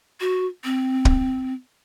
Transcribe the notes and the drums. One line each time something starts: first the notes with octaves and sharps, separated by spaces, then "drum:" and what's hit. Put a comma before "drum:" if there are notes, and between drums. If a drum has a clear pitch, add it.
F#4
C4
drum: kick